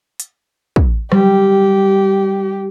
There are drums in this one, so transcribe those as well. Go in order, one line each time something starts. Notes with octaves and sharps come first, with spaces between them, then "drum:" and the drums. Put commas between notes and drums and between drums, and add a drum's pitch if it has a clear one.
drum: hi-hat
drum: kick
G3 G4, drum: rim click